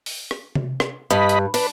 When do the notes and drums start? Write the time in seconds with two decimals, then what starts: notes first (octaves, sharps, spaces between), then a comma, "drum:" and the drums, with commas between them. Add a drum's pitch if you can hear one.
0.06 drum: open hi-hat
0.31 drum: rim click
0.55 drum: tom C3
0.80 drum: rim click
1.10 G2 D#5 B5
1.29 drum: hi-hat
1.54 D4 B4, drum: open hi-hat